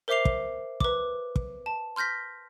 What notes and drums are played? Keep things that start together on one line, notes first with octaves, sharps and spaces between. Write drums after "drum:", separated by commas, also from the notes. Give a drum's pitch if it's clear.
A#4 C5 E5 D6 C7 F7
drum: kick
B4 D6, drum: kick
drum: kick
A5
C6 F6 G6 A#6 B6